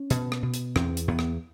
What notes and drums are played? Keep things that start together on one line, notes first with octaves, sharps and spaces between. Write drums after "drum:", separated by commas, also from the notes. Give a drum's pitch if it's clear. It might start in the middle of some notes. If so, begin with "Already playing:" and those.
Already playing: C#4
B2, drum: hi-hat
drum: rim click
B2
drum: hi-hat
E2 C4, drum: rim click
drum: hi-hat
E2 B3
drum: rim click